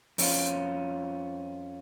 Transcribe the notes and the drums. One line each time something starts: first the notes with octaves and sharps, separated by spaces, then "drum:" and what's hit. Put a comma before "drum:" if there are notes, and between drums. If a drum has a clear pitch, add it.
F2 C#4 F4, drum: open hi-hat